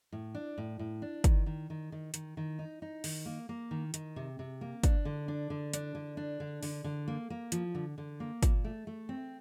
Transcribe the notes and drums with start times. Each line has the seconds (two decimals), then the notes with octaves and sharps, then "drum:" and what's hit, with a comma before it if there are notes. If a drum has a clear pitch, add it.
0.12 A2
0.35 D4
0.58 A2
0.79 A2
1.02 D4
1.24 D#3, drum: kick, hi-hat
1.46 D#3
1.70 D#3
1.92 D#3
2.14 D#3, drum: hi-hat
2.37 D#3
2.59 D#4
2.82 D#4
3.04 D#3, drum: open hi-hat
3.26 A#3
3.49 A#3
3.71 D#3
3.94 D#3, drum: hi-hat
4.16 C3
4.39 C3
4.61 A#3
4.84 D4, drum: kick, hi-hat
5.05 D3
5.28 D4
5.50 D3
5.73 D4, drum: hi-hat
5.95 D3
6.17 D4
6.40 D3
6.63 D3, drum: open hi-hat
6.84 D3
7.08 A#3
7.30 A#3
7.52 F3, drum: hi-hat
7.75 D3
7.98 D3
8.20 A#3
8.43 A#2, drum: kick, hi-hat
8.64 A3
8.87 A3
9.09 C4